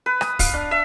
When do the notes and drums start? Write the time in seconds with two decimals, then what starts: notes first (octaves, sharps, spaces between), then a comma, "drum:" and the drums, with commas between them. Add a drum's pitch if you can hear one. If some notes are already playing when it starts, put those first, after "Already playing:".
0.06 B4
0.21 D#6, drum: rim click
0.39 F5, drum: kick, open hi-hat
0.54 D4
0.71 E5